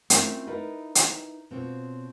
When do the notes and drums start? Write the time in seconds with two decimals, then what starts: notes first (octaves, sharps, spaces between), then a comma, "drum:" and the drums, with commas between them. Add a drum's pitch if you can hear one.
0.10 A3 C4 C#4 E4 F4 A#4, drum: hi-hat
0.47 D#4 E4 A#4 B4 D5 D#5
0.95 drum: hi-hat
1.51 B2 C4 F4 C#5